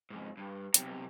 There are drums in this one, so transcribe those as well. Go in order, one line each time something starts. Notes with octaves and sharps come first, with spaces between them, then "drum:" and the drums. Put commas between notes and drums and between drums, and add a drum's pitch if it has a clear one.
F2 G#2
G2
B1 C3, drum: hi-hat